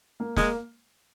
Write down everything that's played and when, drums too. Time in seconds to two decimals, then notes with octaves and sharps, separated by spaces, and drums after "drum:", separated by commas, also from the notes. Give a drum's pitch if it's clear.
0.20 A#3
0.36 G#3 A#3, drum: snare